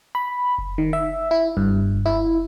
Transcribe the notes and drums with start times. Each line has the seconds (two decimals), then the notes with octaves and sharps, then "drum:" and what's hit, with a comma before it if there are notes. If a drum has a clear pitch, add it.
0.15 B5
0.58 drum: kick F#1
0.78 D#3
0.93 E5
1.31 E4
1.57 G2, drum: kick F#1
1.94 drum: kick F#1
2.06 E4